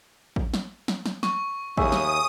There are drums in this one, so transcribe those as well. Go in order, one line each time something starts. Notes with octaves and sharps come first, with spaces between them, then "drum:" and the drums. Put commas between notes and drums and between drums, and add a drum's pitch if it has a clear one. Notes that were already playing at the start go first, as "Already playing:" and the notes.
drum: kick A1
drum: snare
drum: snare
drum: snare
C#6, drum: snare
D#2 G#4 C#5 E5 D#6, drum: kick A1
drum: snare